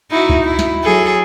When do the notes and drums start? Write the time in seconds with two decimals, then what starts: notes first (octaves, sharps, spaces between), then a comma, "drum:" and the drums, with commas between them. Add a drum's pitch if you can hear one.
0.11 D#4 E4 F#4
0.29 drum: kick C#2
0.44 E4
0.59 drum: snare
0.84 F#3 G#4 A4